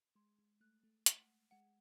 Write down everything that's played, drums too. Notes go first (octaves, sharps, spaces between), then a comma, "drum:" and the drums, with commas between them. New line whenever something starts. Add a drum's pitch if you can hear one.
G#3 C6
G#3
A3 F#6
A3
A3 F#5, drum: hi-hat
G#3 F#5